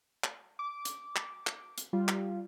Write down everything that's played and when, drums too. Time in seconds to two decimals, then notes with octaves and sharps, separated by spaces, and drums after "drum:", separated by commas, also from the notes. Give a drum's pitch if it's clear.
0.24 drum: clap
0.59 D6
0.85 drum: hi-hat
1.16 drum: clap
1.47 drum: clap
1.78 drum: hi-hat
1.93 G3 F4
2.08 drum: clap